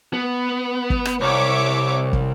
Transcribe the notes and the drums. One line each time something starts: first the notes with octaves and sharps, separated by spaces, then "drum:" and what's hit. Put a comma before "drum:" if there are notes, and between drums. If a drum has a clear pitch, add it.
B3
drum: kick
drum: rim click
C2 C#5 E5 D6
drum: kick